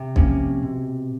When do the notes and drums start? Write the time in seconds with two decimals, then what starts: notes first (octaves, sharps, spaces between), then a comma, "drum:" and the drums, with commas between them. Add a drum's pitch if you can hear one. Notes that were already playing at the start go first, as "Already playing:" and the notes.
Already playing: C3
0.16 F3 A#3 C#4, drum: kick
0.63 B2